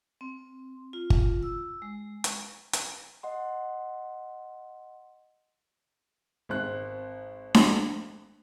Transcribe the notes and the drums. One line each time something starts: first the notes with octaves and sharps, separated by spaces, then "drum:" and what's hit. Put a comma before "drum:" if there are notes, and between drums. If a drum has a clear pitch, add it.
C4
F4
drum: kick G1
E6
G#3
C#6, drum: hi-hat
drum: hi-hat
D#5 F#5 C6
G#1 C4 F#6
drum: snare D4